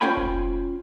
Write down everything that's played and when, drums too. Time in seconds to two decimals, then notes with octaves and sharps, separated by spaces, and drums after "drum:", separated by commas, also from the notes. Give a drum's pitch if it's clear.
0.01 C#4 F4 C5 G5 G#5 B5
0.17 drum: kick F1